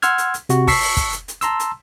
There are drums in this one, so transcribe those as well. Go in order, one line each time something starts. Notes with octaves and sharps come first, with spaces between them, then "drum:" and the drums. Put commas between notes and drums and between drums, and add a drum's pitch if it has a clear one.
F#5 C6 E6 F6 G#6, drum: hi-hat
drum: hi-hat
drum: hi-hat
C3 F#4, drum: hi-hat
A5 C#6 E6 B6 C7, drum: kick, open hi-hat
drum: open hi-hat
drum: kick, hi-hat
drum: hi-hat
drum: hi-hat
A5 A#5 C6 E6, drum: hi-hat
drum: hi-hat